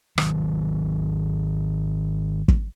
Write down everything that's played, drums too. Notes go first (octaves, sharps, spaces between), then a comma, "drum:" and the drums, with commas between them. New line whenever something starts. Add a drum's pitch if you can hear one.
G#1 D#3 F#3, drum: rim click
drum: kick